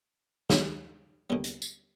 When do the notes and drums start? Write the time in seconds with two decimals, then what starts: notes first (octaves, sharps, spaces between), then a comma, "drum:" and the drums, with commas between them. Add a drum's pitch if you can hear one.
0.50 B2 G#3 C#4, drum: snare
1.30 D#2 D3 G3 B3
1.44 drum: hi-hat
1.62 drum: tambourine